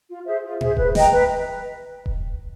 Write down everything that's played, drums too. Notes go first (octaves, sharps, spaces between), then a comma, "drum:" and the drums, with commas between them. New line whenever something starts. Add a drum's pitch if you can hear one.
F4
G#4 C5 E5
F4
G#4 C5 E5, drum: tom A2
B4, drum: kick D#1
D#5 G5 A#5, drum: snare
B4
drum: kick D#1